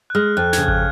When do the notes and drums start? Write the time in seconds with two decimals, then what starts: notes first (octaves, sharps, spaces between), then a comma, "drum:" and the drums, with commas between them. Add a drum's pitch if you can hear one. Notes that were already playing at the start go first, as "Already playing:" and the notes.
0.10 F#6
0.15 G#3 F6
0.37 F2 F#6
0.53 C#3 G#6, drum: snare
0.68 F#6, drum: kick G#1